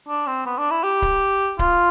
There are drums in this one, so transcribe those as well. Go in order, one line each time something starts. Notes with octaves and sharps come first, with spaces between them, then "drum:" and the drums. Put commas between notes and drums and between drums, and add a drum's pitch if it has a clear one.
D4
C4
B3
D4
E4
G4
drum: kick C#1
F4, drum: kick C#1